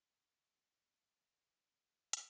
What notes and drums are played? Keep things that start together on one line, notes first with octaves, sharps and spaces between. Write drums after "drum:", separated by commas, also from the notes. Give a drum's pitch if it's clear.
G#3
F#4
E3 E4
F#3
D#4
E3 C#4
F#3
A3
G#3, drum: hi-hat